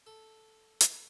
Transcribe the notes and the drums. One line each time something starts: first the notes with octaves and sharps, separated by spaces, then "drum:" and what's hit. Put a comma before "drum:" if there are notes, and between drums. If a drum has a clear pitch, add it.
A4
drum: hi-hat